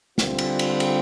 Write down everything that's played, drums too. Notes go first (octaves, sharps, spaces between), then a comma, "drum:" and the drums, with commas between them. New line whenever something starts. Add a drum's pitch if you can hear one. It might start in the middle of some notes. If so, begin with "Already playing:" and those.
D3 G3 C4 F4, drum: snare
drum: cymbal
drum: cymbal
drum: cymbal